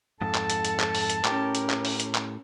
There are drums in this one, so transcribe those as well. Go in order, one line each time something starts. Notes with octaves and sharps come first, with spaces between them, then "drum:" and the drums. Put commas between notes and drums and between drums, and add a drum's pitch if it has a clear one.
F2 G#2 A4 A5
drum: clap
drum: hi-hat
drum: hi-hat
drum: clap
drum: open hi-hat
drum: hi-hat
A2 C#4 G4 A#4, drum: clap
drum: hi-hat
drum: clap
drum: open hi-hat
drum: hi-hat
drum: clap